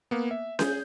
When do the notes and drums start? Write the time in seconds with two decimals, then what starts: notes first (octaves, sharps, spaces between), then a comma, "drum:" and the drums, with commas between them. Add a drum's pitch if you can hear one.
0.11 A#3 B3
0.31 E5
0.59 G#4 G6, drum: snare C#4